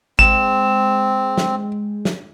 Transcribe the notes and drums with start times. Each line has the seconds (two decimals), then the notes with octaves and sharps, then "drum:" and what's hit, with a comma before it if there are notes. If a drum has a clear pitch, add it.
0.19 G#3 C4 E7, drum: kick G#1
1.38 drum: snare
2.05 drum: snare